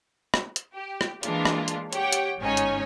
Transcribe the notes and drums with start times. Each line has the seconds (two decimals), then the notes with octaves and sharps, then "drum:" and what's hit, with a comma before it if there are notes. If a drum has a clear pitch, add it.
0.34 drum: rim click
0.56 drum: hi-hat
0.74 G4
1.01 drum: rim click
1.23 E3 G#3 A#3 D4 F4, drum: hi-hat
1.45 drum: rim click
1.68 drum: hi-hat
1.93 G4 C#5 F#5 G5, drum: hi-hat
2.13 drum: hi-hat
2.39 G1 G#2 C#4 D#4 C#5 G#5
2.57 drum: hi-hat